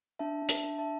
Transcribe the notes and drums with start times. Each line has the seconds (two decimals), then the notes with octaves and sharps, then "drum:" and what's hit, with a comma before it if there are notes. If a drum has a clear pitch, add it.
0.19 D4 E5 A5
0.42 D4
0.49 E5 A5, drum: hi-hat
0.64 D4
0.78 E5 A5